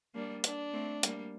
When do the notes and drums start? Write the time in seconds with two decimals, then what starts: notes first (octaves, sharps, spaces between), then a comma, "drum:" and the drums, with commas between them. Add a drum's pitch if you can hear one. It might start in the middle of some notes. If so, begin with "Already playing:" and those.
0.15 G3 A#3 D4
0.44 D4, drum: hi-hat
0.73 A3 C4
1.03 G3 A#3, drum: hi-hat